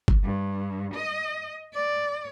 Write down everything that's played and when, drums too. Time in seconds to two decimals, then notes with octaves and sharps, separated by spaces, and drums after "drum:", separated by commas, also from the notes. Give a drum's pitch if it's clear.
0.08 drum: kick G1
0.23 G2
0.94 D#5
1.73 D5